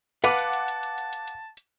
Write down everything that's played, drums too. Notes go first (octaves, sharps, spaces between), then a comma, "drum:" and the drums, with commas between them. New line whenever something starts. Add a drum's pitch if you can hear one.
B4 F5 F#5 A5 D6, drum: hi-hat
drum: hi-hat
drum: hi-hat
drum: hi-hat
drum: hi-hat
drum: hi-hat
drum: hi-hat
drum: hi-hat
drum: hi-hat